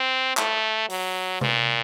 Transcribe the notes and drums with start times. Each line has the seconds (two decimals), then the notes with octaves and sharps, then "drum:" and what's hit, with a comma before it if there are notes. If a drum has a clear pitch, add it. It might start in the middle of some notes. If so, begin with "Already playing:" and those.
Already playing: C4
0.37 A3, drum: clap
0.89 F#3, drum: open hi-hat
1.41 A#2, drum: tom C3